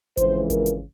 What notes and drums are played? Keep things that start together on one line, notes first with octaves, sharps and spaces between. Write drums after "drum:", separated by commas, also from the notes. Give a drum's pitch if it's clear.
F2 C#3 E3 G#3 C5, drum: kick G#1, hi-hat
A#4, drum: kick G#1, hi-hat
drum: hi-hat